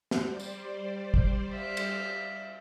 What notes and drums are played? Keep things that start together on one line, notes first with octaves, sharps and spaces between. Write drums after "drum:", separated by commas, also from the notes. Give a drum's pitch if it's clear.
G3 C5 D5, drum: snare
drum: tambourine
drum: kick
E5 F5
drum: cymbal